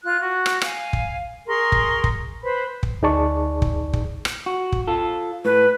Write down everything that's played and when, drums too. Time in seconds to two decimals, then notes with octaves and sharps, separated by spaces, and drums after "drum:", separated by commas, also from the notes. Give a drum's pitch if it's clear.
0.03 F4 F#6
0.21 F#4
0.46 drum: rim click
0.62 F5 G#5, drum: rim click
0.93 drum: kick
1.48 G#4 A#4 C6 C#6
1.72 drum: kick
2.04 drum: kick
2.43 B4 C5 B5
2.83 drum: kick
3.02 D2 D#4 G#4 D5 A5 C#6
3.62 drum: kick
3.93 drum: kick
4.25 drum: rim click
4.46 F#4
4.72 drum: kick
4.88 F4 A4
5.45 A2 B4